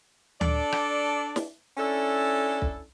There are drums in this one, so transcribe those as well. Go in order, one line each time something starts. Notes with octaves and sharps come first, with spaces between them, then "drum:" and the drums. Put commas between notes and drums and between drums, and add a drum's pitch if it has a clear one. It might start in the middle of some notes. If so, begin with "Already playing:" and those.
D4 A4 D5, drum: tom D2
drum: rim click
drum: snare
C#4 D4 E4 A4
drum: kick